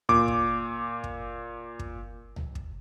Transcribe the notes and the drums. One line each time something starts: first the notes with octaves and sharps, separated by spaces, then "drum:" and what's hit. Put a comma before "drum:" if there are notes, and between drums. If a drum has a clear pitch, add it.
A#2 D6, drum: tom C#2
drum: kick
drum: kick
drum: kick
drum: tom C#2
drum: kick